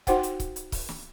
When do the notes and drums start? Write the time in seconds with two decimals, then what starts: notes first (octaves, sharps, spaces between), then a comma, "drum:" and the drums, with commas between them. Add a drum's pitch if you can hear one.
0.07 D#4 F#4 C5 F#5 G5, drum: kick C#1, hi-hat
0.23 drum: hi-hat
0.40 drum: kick C#1, hi-hat
0.56 drum: hi-hat
0.72 drum: kick C#1, open hi-hat
0.89 drum: snare